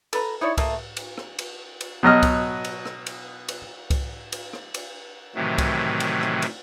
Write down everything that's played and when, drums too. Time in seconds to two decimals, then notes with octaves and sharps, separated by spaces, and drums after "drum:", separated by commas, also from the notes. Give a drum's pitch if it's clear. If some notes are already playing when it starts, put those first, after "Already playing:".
0.13 A4 B4 A#5, drum: cymbal
0.41 D#4 E4 C#5 D5
0.58 A3 A#3 A4 D#5, drum: kick C2, cymbal
0.97 drum: cymbal
1.18 drum: rim click
1.39 drum: cymbal
1.81 drum: cymbal
2.03 B2 F#3 D#5 F6
2.23 drum: kick C2, cymbal
2.65 drum: cymbal
2.85 drum: rim click
3.06 drum: cymbal
3.48 drum: cymbal
3.90 drum: kick C2, cymbal
4.32 drum: cymbal
4.53 drum: rim click
4.74 drum: cymbal
5.35 A2 C3 D#3 E3 F#3
5.58 drum: kick C2, cymbal
6.00 drum: cymbal
6.21 drum: rim click
6.42 drum: cymbal